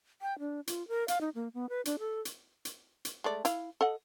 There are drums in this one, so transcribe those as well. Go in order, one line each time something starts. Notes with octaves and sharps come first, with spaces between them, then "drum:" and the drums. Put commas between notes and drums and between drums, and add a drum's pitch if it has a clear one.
G5
D4
F4, drum: hi-hat
A#4
F5, drum: hi-hat
D#4
A#3
B3
B4
D4, drum: hi-hat
A4
drum: hi-hat
drum: hi-hat
drum: hi-hat
G#3 A3 D5
E4 F5, drum: hi-hat
A4 D#5 F#5